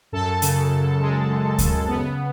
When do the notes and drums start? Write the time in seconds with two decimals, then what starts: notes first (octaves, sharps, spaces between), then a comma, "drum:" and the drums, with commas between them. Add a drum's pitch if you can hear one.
0.12 F#2 A4 A5
0.42 C#3, drum: hi-hat
0.71 F#2
1.00 G#3
1.29 F#2
1.58 C#3, drum: kick D2, hi-hat
1.88 B3